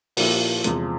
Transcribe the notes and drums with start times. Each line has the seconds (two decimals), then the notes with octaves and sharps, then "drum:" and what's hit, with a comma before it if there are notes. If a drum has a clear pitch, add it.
0.17 A#2 F3 A#3 E4 G4, drum: open hi-hat
0.64 E2 C3 F3 G#3, drum: hi-hat